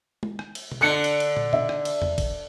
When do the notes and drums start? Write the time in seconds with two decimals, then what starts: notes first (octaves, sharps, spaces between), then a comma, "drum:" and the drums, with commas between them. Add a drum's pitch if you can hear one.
0.23 drum: tom G#3
0.39 drum: rim click
0.55 drum: cymbal
0.72 drum: tom B2
0.81 D3 F#6 C#7
1.04 drum: cymbal
1.20 drum: cymbal
1.37 drum: tom
1.53 E5, drum: tom B2
1.69 drum: rim click
1.85 drum: cymbal
2.02 drum: tom E2
2.18 drum: kick, cymbal